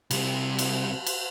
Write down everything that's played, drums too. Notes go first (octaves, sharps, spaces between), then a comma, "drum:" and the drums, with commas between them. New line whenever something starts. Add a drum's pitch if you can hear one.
C2 C3, drum: cymbal
drum: cymbal
drum: cymbal